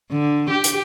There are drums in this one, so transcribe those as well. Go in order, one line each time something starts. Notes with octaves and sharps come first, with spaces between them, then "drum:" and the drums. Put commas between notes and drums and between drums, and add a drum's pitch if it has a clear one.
D3
G4
drum: hi-hat